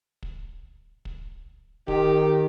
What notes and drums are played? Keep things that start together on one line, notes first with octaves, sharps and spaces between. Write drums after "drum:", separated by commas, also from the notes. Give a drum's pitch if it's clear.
drum: kick
drum: kick
D#3 G4, drum: kick